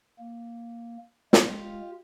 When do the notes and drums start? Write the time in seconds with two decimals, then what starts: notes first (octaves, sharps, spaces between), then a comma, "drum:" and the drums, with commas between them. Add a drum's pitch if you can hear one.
0.19 A#3
1.33 G#3 F4 G4 F5, drum: snare